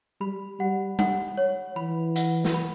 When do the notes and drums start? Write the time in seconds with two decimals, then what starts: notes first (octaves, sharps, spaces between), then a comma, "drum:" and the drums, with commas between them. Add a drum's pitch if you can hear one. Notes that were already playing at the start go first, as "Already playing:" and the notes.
0.20 G3 B5
0.60 G3 F#5
0.99 F#5, drum: tom G3
1.37 C#5
1.76 E3 B5
2.16 F#5, drum: hi-hat
2.45 drum: snare
2.54 B5